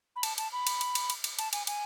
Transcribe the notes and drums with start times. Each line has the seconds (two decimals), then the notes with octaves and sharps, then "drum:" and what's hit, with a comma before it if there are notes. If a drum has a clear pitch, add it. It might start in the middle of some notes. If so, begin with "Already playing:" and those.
0.16 B5
0.23 A5, drum: cymbal
0.38 A5, drum: cymbal
0.52 B5
0.67 drum: cymbal
0.81 drum: cymbal
0.95 drum: cymbal
1.10 drum: cymbal
1.24 drum: cymbal
1.39 A5, drum: cymbal
1.53 G#5, drum: cymbal
1.67 G#5, drum: cymbal